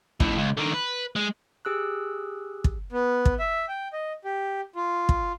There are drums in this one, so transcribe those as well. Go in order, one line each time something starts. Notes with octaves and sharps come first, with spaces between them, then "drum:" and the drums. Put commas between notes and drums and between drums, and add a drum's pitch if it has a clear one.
F2 A2, drum: kick
C#2
D3 D#3
B4
G#3
G4 G#4 E6 F#6
drum: kick
B3
drum: kick
E5
G5
D#5
G4
F4
drum: kick